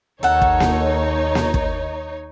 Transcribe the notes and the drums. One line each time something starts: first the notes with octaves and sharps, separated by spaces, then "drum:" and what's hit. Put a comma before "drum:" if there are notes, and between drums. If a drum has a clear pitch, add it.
D#2 D#4 A4 C#5 F#5
drum: kick
drum: snare A#3
drum: snare A#3
drum: kick